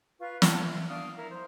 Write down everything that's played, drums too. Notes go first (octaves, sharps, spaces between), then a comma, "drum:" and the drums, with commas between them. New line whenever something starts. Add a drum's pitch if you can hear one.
F4 B4 F5 C#6
F#5 G5 A5 C#6, drum: snare
E5
D4 F5 D#6 F6
E4 A#4
C5